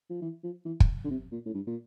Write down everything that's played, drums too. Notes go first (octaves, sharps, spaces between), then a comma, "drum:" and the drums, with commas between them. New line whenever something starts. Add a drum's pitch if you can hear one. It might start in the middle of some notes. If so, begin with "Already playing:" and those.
F3
E3
F3
E3
drum: kick
D3
C3
A#2
A2
G2
A#2